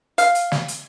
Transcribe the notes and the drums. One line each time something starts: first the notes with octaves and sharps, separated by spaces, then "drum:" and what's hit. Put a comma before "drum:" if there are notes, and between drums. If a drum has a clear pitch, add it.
F5, drum: hi-hat
drum: hi-hat
drum: snare
drum: hi-hat